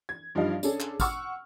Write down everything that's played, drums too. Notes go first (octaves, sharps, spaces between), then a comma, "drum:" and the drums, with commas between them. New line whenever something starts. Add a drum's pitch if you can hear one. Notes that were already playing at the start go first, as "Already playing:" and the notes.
G#6
G2 F3 G3 D#4 D#5 F5
C#4 D4 G#4 A4, drum: tambourine
drum: clap
F#5 C#6 E6 F6, drum: kick, tambourine